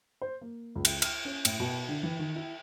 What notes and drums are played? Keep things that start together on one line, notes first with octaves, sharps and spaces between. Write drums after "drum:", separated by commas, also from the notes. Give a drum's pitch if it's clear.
C5
A#3
C#2
drum: cymbal
F6, drum: cymbal
C#4
A2, drum: cymbal
B2
D3
E3
D#3
E4